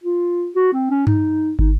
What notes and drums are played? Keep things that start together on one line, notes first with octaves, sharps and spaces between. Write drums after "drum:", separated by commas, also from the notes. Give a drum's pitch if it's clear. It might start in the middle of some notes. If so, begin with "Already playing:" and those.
F4
F#4
C4
C#4
D#4, drum: tom G2
D#4, drum: kick